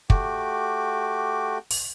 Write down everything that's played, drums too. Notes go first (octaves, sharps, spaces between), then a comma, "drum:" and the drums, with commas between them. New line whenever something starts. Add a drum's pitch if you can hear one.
A3 F#4 G4 D6, drum: kick
drum: open hi-hat